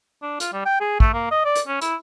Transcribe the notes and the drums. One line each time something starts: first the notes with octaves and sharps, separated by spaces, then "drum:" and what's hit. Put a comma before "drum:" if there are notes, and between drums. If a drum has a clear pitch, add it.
D4
F4, drum: hi-hat
G3
G5
G#4
A3, drum: kick
A#3
D#5
D5
drum: hi-hat
C#4
E4, drum: hi-hat